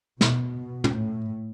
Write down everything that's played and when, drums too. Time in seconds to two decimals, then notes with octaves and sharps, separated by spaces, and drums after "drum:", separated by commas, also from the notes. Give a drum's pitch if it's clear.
0.21 B2, drum: snare
0.84 drum: tom
0.93 A2